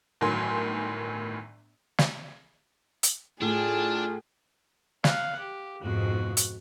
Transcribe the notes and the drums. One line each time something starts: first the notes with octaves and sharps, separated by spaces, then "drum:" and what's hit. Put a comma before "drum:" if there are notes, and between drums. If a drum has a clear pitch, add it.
G1 A2 D#3 F#3 G#5 C6
drum: snare
drum: hi-hat
A2 D4 F4 G#4
F5 F#5, drum: snare
G4
F2 G#2 B2 F#4
drum: hi-hat